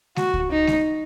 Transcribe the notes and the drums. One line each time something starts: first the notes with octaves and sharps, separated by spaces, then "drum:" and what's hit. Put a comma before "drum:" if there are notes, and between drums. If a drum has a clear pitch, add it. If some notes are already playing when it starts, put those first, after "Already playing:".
F#4, drum: snare G#3
drum: kick C#2
D#4
drum: snare G#3